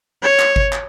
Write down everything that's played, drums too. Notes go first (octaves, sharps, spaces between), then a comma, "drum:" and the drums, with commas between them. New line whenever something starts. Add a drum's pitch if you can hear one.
C#5
drum: clap
drum: kick G1
drum: clap